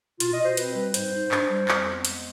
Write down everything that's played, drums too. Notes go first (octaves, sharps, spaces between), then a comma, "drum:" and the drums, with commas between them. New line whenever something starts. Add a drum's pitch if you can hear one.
B2 F4, drum: hi-hat
D#5
B2 C5
C4 B4, drum: hi-hat
G3 B4
G#2 C5, drum: hi-hat
G#2
D4, drum: clap
G3
F2, drum: clap
B3
G#3, drum: hi-hat